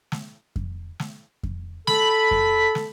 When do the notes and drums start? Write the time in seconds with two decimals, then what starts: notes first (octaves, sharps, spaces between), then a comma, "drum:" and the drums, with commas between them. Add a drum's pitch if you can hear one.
0.12 drum: snare
0.56 drum: kick F2
1.00 drum: snare
1.43 drum: kick F2
1.87 A4 B5, drum: snare
2.31 drum: kick F2
2.75 drum: snare